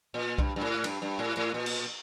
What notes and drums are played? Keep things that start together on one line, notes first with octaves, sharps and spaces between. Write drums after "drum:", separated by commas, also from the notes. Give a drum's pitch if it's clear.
A#2
G2, drum: kick B1
G2
A2
G2, drum: cymbal
G2
A2
A2
A#2
drum: cymbal